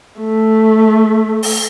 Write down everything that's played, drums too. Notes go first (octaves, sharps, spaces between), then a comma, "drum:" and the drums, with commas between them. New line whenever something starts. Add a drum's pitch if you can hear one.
A3
drum: open hi-hat